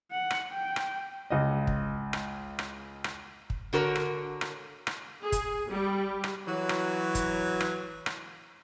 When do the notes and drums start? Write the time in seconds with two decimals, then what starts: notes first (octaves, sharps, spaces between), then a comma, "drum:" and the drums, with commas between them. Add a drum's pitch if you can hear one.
0.11 F#5
0.30 drum: rim click
0.52 G5
0.76 drum: rim click
1.30 C#2 D#5
1.67 drum: kick
2.13 drum: rim click
2.59 drum: rim click
3.04 drum: rim click
3.50 drum: kick
3.73 D3 F#4 A#4 C5 C#5
3.95 drum: rim click
4.41 drum: rim click
4.87 drum: rim click
5.22 G#4
5.32 drum: kick, hi-hat
5.70 G3
6.24 drum: rim click
6.47 E3 F#3
6.69 drum: rim click
7.15 drum: kick, hi-hat
7.60 drum: rim click
8.06 drum: rim click